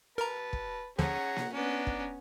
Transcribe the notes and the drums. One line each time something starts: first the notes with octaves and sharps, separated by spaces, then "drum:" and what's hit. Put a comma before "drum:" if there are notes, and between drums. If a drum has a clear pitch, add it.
A#4 B4 A5 A#5
drum: kick
D#2 D3 F3 C#4 G#4 F#5 A#5
drum: snare A#3
B3 C#4 D4 A#5
drum: kick